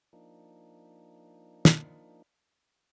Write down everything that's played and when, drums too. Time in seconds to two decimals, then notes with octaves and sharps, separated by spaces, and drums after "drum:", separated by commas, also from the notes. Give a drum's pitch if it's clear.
0.13 F3 A#3 D4 D#4
1.65 drum: snare